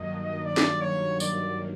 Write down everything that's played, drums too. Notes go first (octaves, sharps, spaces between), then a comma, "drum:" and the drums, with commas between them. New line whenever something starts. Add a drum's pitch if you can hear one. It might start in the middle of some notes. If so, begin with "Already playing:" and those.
Already playing: G2 D#3 F#3 A#3 D#5
D5
drum: snare
C#5
D5, drum: tambourine